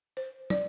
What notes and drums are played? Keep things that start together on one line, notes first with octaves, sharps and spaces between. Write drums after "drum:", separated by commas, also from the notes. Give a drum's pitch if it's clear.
C5
D5, drum: tom